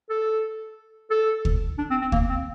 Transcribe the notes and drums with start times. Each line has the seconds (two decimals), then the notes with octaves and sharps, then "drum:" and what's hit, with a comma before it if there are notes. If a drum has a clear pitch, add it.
0.10 A4
1.10 A4
1.45 drum: kick D2
1.78 D4
1.90 C4
2.02 C4
2.12 A#3, drum: kick D2
2.30 C4